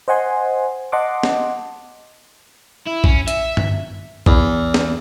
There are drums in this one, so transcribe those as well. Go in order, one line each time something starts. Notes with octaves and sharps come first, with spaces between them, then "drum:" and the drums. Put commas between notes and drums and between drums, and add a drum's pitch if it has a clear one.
C5 D#5 F#5 G#5 C6
D#5 F#5 A5 C6 D6
drum: snare
E4
C#4, drum: kick A#1
E5, drum: hi-hat
drum: tom G2
E2, drum: kick A#1
drum: snare